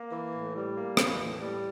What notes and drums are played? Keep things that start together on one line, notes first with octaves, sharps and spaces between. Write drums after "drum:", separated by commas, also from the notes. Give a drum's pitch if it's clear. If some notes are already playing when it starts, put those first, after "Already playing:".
Already playing: A#3
E3
A2
G3
A#3
E3, drum: rim click
A2
G3